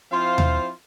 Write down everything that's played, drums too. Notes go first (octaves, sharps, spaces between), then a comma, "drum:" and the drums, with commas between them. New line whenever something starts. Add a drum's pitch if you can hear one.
F3 C4 E4 F4 C5 F5
drum: tom D#2